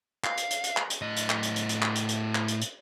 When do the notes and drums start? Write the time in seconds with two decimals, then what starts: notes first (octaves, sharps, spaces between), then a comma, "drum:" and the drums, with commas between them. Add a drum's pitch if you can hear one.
0.24 F5, drum: clap
0.37 drum: hi-hat
0.51 drum: hi-hat
0.64 drum: hi-hat
0.77 drum: clap
0.90 drum: hi-hat
1.02 A2 D#5
1.16 drum: hi-hat
1.30 drum: clap
1.43 drum: hi-hat
1.56 drum: hi-hat
1.69 drum: hi-hat
1.82 drum: clap
1.95 drum: hi-hat
2.09 drum: hi-hat
2.35 drum: clap
2.48 drum: hi-hat
2.61 drum: hi-hat